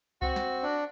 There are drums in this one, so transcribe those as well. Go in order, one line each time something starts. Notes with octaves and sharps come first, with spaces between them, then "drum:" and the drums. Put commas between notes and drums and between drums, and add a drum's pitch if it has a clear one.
C4 F#4, drum: kick C2
drum: snare
D4